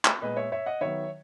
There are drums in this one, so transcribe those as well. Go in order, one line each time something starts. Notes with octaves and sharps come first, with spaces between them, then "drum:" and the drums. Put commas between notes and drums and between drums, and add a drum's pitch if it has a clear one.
drum: clap
A#2 G#3 B3 B4 D#5
C#5 E5
C#5 E5
D#5 F#5
D#3 F#3 B3 C#5 E5